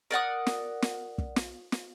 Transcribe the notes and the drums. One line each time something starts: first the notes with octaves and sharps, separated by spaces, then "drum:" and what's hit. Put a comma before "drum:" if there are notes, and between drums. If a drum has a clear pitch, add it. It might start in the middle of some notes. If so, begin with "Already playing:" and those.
A#4 D5 F#5 D#6
drum: snare
drum: snare
drum: kick
drum: snare
drum: snare